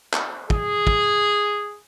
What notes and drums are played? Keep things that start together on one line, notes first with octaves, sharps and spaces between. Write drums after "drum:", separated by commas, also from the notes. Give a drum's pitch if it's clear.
drum: clap
G#4, drum: kick
drum: kick